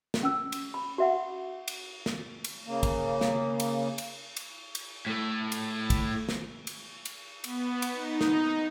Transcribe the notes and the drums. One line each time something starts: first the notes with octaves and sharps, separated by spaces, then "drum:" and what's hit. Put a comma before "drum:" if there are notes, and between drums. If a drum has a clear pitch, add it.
drum: snare
C#4 E6
drum: cymbal
B5
F#4 E5 F#5
drum: cymbal
drum: snare
drum: cymbal
C#3 A#3
drum: kick, cymbal
drum: snare
drum: cymbal
drum: cymbal
drum: cymbal
drum: cymbal
A2 A3
drum: cymbal
drum: kick, cymbal
drum: snare
drum: cymbal
drum: cymbal
B3, drum: cymbal
drum: cymbal
D#4
drum: snare